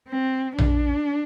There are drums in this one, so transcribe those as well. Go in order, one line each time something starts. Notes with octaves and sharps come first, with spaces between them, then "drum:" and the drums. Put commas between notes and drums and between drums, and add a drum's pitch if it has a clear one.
C4
D4, drum: tom A#1